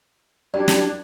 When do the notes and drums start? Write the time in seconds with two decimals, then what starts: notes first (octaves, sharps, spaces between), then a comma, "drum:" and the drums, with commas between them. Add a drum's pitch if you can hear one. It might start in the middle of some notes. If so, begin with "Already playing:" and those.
0.54 F#2 G3 D4 D5 G#6
0.68 drum: snare